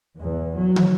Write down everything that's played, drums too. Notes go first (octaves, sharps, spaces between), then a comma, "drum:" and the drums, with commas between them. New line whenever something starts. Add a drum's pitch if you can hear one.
E2
F#3
drum: tom